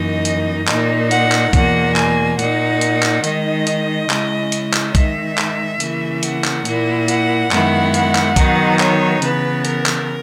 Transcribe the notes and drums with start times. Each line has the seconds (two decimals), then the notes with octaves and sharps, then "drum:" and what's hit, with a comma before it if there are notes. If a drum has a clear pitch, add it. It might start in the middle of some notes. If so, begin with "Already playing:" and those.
Already playing: F#2 E3 A#3 D#4 D#5
0.25 drum: hi-hat
0.67 A#2 A#3 D#4, drum: clap
1.11 F#5, drum: hi-hat
1.32 drum: clap
1.53 E2 B2 A#3 F#5, drum: kick B1, hi-hat
1.96 G#5, drum: clap
2.39 A#2 A#3 D#4 F#5, drum: hi-hat
2.81 drum: hi-hat
3.03 drum: clap
3.24 D#3 G#3 D#4 D#5, drum: hi-hat
3.67 drum: hi-hat
4.10 C#3 G#3 C#4 E4, drum: clap
4.52 drum: hi-hat
4.74 drum: clap
4.95 D#3 G#3 D#4 E5, drum: kick B1, hi-hat
5.38 drum: clap
5.80 C#3 E3 A#3 E4, drum: hi-hat
6.23 F#5, drum: hi-hat
6.44 drum: clap
6.65 A#2 A#3 E4, drum: hi-hat
7.08 F#5, drum: hi-hat
7.51 F#2 D#3 G#3 B3 E4, drum: clap
7.94 F#5, drum: hi-hat
8.15 drum: clap
8.36 D#3 F#3 B3 D#4, drum: kick B1, hi-hat
8.79 C#5, drum: clap
9.22 C#3 E3 B3 B4, drum: hi-hat
9.65 A#4, drum: hi-hat
9.86 drum: clap